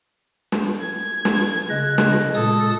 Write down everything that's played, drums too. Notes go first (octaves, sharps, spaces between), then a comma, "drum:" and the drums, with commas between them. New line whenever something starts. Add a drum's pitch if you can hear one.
drum: snare
G#6
drum: snare
C#3 D#5 F#6
drum: snare
A#2 G#3 A4 D#6